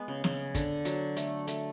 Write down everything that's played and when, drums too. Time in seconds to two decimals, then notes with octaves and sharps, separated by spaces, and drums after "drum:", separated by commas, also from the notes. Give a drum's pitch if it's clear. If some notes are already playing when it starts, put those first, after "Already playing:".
Already playing: G#3 B3
0.08 C#3
0.24 C#3, drum: snare
0.55 D3, drum: kick, hi-hat
0.85 F#3, drum: hi-hat
1.17 A3, drum: hi-hat
1.47 A3, drum: hi-hat